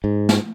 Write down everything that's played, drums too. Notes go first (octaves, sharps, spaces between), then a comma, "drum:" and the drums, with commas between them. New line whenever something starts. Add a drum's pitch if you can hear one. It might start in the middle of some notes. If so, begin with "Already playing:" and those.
G#2
drum: snare